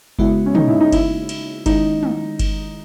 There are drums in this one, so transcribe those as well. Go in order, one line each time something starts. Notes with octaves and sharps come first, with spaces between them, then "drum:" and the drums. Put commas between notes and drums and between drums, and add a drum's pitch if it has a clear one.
C#3 G#3 B3 E4 F#4, drum: kick G1
C#4
D#4, drum: tom
E4
D#4
E4, drum: kick G1, cymbal
drum: cymbal
D#3 G#3 C#4 D#4 E4, drum: kick G1, cymbal
drum: tom
drum: kick G1, cymbal